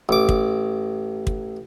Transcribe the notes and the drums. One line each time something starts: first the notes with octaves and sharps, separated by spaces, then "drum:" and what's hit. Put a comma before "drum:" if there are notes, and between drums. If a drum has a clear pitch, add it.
A1 D6
drum: kick
drum: kick